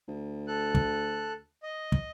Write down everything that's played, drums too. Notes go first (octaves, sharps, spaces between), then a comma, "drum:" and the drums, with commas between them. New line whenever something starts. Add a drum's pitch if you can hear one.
D2
A4 F#6
drum: kick
D#5
drum: kick